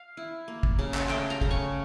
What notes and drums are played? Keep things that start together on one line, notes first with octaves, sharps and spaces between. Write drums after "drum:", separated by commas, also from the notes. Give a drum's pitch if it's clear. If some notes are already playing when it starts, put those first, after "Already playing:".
Already playing: F5
E4
A#3
drum: kick
C#3
drum: clap
A3 G5, drum: clap
A#5
C#3, drum: kick
C#6